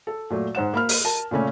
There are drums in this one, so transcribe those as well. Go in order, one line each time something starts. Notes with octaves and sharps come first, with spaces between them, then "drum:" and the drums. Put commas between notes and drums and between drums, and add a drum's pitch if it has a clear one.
A4
A#2 F#3 A3
G#2 C5 F#5 E7
A#3 B5 F6
drum: open hi-hat
A#4 A5
A#2 C#3 A3 C#4